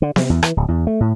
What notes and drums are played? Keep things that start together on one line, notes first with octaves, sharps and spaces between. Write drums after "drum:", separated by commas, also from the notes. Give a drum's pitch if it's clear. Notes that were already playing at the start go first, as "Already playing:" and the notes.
D3
C3, drum: snare B3
E2
E3, drum: rim click
D1
E2
A3
A2